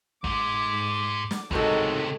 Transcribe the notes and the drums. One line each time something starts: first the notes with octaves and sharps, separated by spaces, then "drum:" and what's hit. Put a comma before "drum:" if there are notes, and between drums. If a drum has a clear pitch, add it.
G#2 G#3 D6, drum: kick
drum: snare
C#2 A2 C3 D#3 G#3 D#4 F#4 A4, drum: kick